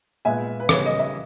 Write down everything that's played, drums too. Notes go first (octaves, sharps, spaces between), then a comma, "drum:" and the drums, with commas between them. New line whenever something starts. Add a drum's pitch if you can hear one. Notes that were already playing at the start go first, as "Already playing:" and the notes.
A#2 G#3 B3 E5 G#5
B4
C#3 G3 B3 C#5, drum: rim click
D#5
E5